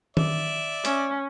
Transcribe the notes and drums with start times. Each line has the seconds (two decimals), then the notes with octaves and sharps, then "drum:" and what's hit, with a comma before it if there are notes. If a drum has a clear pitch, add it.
0.17 D5 E5, drum: tom D#3
0.85 C#4, drum: hi-hat